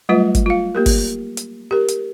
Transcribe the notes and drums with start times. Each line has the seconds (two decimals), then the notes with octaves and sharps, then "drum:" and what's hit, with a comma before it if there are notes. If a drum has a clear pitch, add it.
0.09 F#3 G3 A3 F4 B4 D#5
0.35 drum: kick, hi-hat
0.46 F4 F5
0.75 A#3 G4 A#4
0.86 drum: kick, open hi-hat
1.37 drum: hi-hat
1.71 G4 A#4
1.88 drum: hi-hat